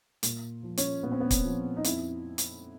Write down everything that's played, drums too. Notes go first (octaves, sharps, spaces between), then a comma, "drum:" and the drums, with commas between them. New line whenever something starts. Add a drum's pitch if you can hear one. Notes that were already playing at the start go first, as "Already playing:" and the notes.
A#2, drum: hi-hat
F3
C#4, drum: hi-hat
A#2 B3
C4
B3
drum: kick, hi-hat
F3
D#4
F2 E4, drum: hi-hat
drum: hi-hat